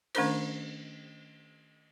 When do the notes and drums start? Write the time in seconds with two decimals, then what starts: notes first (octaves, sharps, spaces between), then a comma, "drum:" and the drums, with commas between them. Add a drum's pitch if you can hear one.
0.15 D#3 A3 C#4 D4 A#4 C5, drum: cymbal